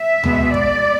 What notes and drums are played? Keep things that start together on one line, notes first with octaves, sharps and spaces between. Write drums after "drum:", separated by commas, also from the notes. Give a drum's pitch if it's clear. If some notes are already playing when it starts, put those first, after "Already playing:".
Already playing: E5
B2 G#3 B3, drum: tom D2
D5, drum: kick